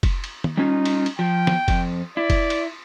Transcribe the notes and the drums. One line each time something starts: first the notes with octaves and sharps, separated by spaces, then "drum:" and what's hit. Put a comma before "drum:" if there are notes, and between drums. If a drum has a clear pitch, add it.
drum: kick F1, cymbal
drum: cymbal
drum: tom
G3 C#4 D#4 F4
drum: cymbal
drum: cymbal
F3 G5
drum: snare B3
F2, drum: kick F1, cymbal
E4 D5
drum: kick F1, cymbal
drum: cymbal